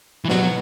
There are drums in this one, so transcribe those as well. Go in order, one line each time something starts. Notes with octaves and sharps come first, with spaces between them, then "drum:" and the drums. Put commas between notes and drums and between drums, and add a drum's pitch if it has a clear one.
E3
B2 F#3 B3, drum: snare